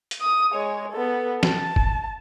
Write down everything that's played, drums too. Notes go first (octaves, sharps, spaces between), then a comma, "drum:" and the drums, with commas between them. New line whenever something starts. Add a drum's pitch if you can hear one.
drum: hi-hat
D#6
G#3 C#5
B3 A4
A5, drum: snare
drum: kick